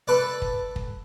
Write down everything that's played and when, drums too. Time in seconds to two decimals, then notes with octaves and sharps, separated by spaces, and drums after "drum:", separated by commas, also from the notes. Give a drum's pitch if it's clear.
0.08 A4 B4 D5
0.42 drum: kick
0.76 drum: kick